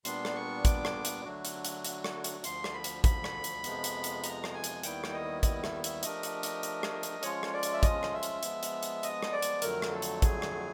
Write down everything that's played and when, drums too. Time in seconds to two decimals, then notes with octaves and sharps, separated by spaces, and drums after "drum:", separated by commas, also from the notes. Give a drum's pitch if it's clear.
0.05 A#2 G3 B3 D4 C6, drum: hi-hat
0.25 drum: rim click
0.35 C#6
0.65 D6, drum: kick, hi-hat
0.85 drum: rim click
1.05 drum: hi-hat
1.24 D3 F#3 A3 D4 F#4
1.45 drum: hi-hat
1.65 drum: hi-hat
1.85 drum: hi-hat
2.04 drum: rim click
2.24 drum: hi-hat
2.44 D2 D3 F3 C6, drum: hi-hat
2.64 drum: rim click
2.74 B5
2.84 drum: hi-hat
3.04 B5, drum: kick, hi-hat
3.24 drum: rim click
3.44 drum: hi-hat
3.64 F2 C3 F3 G#3 B3, drum: hi-hat
3.84 drum: hi-hat
4.04 drum: hi-hat
4.24 A#5, drum: hi-hat
4.44 drum: rim click
4.54 G#5
4.64 drum: hi-hat
4.83 D#2 D#3 G3 B3 E4 G5, drum: hi-hat
5.04 drum: rim click
5.14 D#5
5.43 D#5, drum: kick, hi-hat
5.64 E5, drum: rim click
5.84 E5, drum: hi-hat
6.03 F3 A3 D4 G4 A#4 D#5, drum: hi-hat
6.23 drum: hi-hat
6.43 drum: hi-hat
6.63 drum: hi-hat
6.83 drum: rim click
7.03 drum: hi-hat
7.23 F3 G#3 C#4 F4 C#5, drum: hi-hat
7.43 drum: rim click
7.54 D5
7.63 drum: hi-hat
7.73 E5
7.83 D#5, drum: kick, hi-hat
8.03 drum: rim click
8.13 E5
8.23 drum: hi-hat
8.43 F3 G#3 B3, drum: hi-hat
8.63 drum: hi-hat
8.83 drum: hi-hat
9.03 D#5, drum: hi-hat
9.23 drum: rim click
9.32 D5
9.42 drum: hi-hat
9.62 F2 D3 F#3 A3 A#4, drum: hi-hat
9.82 drum: rim click
9.93 A4
10.02 drum: hi-hat
10.22 G#4, drum: kick, hi-hat
10.42 drum: rim click